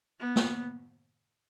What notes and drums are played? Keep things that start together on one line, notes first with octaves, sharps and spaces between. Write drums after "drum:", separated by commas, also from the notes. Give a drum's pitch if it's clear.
B3
drum: snare